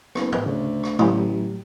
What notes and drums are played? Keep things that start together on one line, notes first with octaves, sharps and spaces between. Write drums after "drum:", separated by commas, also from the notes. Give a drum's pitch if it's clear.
F#1 B3, drum: rim click
drum: tom
D2 C#3
drum: rim click
A1 A2 F#3 G4, drum: tom